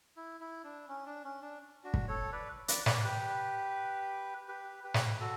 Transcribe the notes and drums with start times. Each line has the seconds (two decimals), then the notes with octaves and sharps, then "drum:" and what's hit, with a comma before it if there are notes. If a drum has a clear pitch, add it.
0.17 E4
0.40 E4
0.64 D4
0.88 C#4
1.06 D4
1.24 C#4
1.42 D4
1.84 D4 F#4
1.94 drum: kick
2.08 A4 C#5
2.32 B4 D5
2.68 B4 D5, drum: hi-hat
2.86 B4 D5, drum: snare
3.04 G4 B4
4.48 G4 B4
4.84 G4 B4
4.94 drum: snare
5.20 F#4 A4